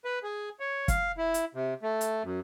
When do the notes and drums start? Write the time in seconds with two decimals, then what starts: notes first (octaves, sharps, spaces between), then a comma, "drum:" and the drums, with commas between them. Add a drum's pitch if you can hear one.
0.05 B4
0.23 G#4
0.60 C#5
0.88 F5, drum: kick, hi-hat
1.17 E4
1.34 drum: hi-hat
1.55 C3
1.82 A3
2.01 drum: hi-hat
2.23 F#2